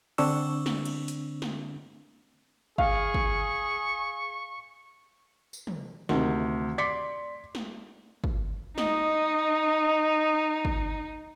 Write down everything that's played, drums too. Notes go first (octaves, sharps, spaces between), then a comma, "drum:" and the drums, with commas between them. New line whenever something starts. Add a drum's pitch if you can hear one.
D3 C4 D4 C#6 E6, drum: cymbal
drum: snare
drum: cymbal
drum: hi-hat
drum: snare
G#4 F5 C#6, drum: kick
drum: kick
drum: tambourine
drum: tom
D2 C3 D#3, drum: snare
D5 C6 D6 B6 C#7
drum: snare
drum: kick
D#4 D#5, drum: snare
drum: kick